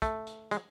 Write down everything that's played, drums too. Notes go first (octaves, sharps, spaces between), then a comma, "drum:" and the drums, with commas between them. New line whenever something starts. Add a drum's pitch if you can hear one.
A3, drum: kick, hi-hat
drum: hi-hat
G#3, drum: hi-hat